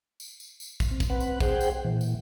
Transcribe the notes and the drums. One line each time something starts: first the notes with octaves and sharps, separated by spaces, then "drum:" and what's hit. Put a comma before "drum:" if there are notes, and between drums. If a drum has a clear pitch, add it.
drum: tambourine
drum: tambourine
drum: tambourine
drum: kick, tambourine
C4
drum: kick, tambourine
C4 B4 F#5
drum: tambourine
G#4 C5 F#5 G5, drum: kick, tambourine
drum: tambourine
A#2 E3
drum: tambourine